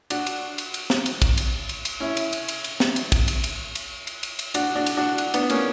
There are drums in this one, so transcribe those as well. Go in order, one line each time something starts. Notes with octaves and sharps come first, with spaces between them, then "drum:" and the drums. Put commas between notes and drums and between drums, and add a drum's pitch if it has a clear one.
D4 F#4, drum: cymbal
drum: cymbal
drum: cymbal
drum: cymbal
drum: snare
drum: cymbal
drum: kick, cymbal
drum: cymbal
drum: cymbal
drum: cymbal
C#4 E4
drum: cymbal
drum: cymbal
drum: cymbal
drum: cymbal
drum: snare
drum: cymbal
drum: kick, cymbal
drum: cymbal
drum: cymbal
drum: cymbal
drum: cymbal
drum: cymbal
drum: cymbal
D4 F#4, drum: cymbal
D4 F#4
drum: cymbal
D4 F#4
drum: cymbal
B3 D4, drum: cymbal
A#3 C#4, drum: cymbal